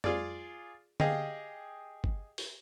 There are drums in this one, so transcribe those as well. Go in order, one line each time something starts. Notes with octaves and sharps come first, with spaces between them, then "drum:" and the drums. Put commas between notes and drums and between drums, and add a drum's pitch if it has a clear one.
F4 G#4 D5, drum: tom F2
G4 G#4 D#5 F5 G5, drum: tom D3
drum: kick
drum: open hi-hat